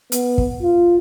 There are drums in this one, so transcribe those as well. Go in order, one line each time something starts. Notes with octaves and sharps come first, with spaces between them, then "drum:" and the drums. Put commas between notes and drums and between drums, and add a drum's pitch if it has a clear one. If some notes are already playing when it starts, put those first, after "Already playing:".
B3, drum: hi-hat
drum: kick
F4